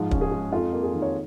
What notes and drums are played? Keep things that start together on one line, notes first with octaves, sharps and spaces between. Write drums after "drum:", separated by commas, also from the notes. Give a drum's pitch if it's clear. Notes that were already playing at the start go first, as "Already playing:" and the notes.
Already playing: G#2 F3
C#4, drum: kick
G#4
G#3
F2 F4
A#3
G#4
D#3
C#5